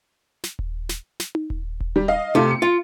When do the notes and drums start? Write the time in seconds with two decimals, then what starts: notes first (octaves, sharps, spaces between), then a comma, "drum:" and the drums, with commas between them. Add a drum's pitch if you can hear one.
0.44 drum: snare
0.59 drum: kick D#1
0.89 drum: snare
1.20 drum: snare
1.35 drum: tom D#4
1.50 drum: kick D#1
1.80 drum: kick D#1
1.96 G3
2.08 D#5 F5
2.35 C3 A3 F4
2.51 C#7
2.62 F4